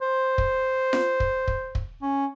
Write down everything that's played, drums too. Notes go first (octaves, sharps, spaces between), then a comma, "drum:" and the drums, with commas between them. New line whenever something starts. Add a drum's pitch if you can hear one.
C5
drum: kick
drum: snare F4
drum: kick
drum: kick
drum: kick
C#4